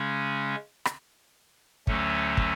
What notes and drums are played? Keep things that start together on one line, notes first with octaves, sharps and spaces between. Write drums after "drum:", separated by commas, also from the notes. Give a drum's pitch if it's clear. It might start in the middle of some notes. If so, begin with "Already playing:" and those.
Already playing: C#3 G#3 C#4
drum: rim click
D2 D3 F#3 A3 C#4, drum: kick
drum: kick